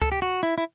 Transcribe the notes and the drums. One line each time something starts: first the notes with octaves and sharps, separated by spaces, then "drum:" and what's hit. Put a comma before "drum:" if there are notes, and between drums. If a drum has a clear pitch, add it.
A4, drum: kick C#2
G4
F#4
E4
E4